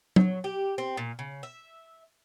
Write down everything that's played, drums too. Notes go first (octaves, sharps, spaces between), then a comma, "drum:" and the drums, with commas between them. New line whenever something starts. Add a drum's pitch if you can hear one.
F#3, drum: tom F#3
G4
C4
A#2
C#3
E5